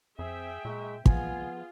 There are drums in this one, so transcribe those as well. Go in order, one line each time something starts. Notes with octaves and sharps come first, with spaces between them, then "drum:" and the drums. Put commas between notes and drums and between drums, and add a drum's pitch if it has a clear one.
F2 C4 G#4 E5 G5
A#2 F#3 G#3
F3 B3 F4 G#4 G#5, drum: kick